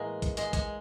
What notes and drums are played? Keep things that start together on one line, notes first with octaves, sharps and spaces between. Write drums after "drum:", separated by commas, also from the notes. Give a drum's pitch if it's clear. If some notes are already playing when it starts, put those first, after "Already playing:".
Already playing: A2 E3 G#3 A#3 G#4 A#4
drum: kick, hi-hat
G#3 G#4, drum: hi-hat
G#3 G#4, drum: kick, hi-hat